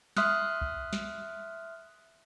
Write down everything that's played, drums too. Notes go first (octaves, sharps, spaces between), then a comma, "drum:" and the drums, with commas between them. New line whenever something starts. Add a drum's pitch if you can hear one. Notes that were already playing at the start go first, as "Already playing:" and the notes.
E5 C6 D#6 F6 F#6, drum: snare
drum: kick
drum: snare